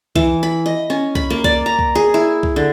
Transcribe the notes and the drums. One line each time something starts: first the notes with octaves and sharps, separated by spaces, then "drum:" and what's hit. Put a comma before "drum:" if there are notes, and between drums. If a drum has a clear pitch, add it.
E3, drum: kick C2
B5
D#5
C#4
B5, drum: kick C2
A#3
D5, drum: kick C2
A#5
drum: kick C2
G#4
E4
drum: kick C2
D3